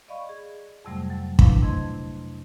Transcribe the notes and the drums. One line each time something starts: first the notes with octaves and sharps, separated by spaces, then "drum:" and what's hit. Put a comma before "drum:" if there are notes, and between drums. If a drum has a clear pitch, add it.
D5 D#5 F5 B5 C#6
G#4
F2 G#2 C3 F#3 G3 A3
F#3
D4 E4 B4 F5, drum: kick
C3 A3 D#5 C6 G#6